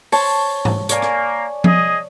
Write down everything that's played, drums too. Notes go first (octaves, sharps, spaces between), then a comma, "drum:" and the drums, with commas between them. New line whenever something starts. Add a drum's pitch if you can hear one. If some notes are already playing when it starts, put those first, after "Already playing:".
C5 C#5 A5, drum: open hi-hat
drum: tom G#2
A#3 C#5 D5 G#5, drum: hi-hat
drum: rim click
G#4 D#5, drum: tom F3